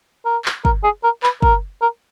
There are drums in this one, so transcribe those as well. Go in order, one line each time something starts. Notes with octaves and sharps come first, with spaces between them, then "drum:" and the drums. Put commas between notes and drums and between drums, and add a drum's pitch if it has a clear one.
A#4
drum: clap
A#4, drum: kick
G#4
A#4
B4, drum: clap
A#4, drum: kick
A#4